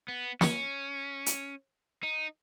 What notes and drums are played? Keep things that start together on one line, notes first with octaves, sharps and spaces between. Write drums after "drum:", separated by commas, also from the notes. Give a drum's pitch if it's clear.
B3
C#4, drum: snare
drum: hi-hat
D#4